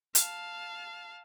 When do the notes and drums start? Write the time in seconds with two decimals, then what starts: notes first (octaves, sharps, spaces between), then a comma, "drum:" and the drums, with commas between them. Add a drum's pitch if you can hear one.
0.15 F5 A5, drum: hi-hat